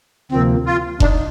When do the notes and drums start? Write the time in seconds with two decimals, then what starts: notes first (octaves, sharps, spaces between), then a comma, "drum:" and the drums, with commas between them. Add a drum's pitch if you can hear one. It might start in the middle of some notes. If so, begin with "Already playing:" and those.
0.32 D2 C3 F3 A#3 C4
0.66 F4
1.00 D4 D#4, drum: kick F1